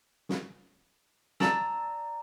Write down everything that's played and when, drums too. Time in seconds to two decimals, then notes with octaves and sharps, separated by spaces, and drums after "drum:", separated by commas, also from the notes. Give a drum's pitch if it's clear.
0.29 drum: snare
1.40 D5 A5 A#5 E6, drum: snare